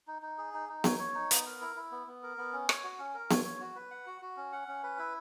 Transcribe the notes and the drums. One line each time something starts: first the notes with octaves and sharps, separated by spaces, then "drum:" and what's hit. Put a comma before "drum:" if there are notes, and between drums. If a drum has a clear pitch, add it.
D#4
D#4
G#4
D#4
D#4
C#5, drum: snare B3
C#5
D#4
B3, drum: hi-hat
A#4
E4
E4
B3
B3
A#4
B3
C#4
C#5, drum: rim click
F#4
C#4
A#4
C#5, drum: snare B3
C#5
F#4
B4
F#5
F#4
F#4
C#4
F#5
C#4
B4
E4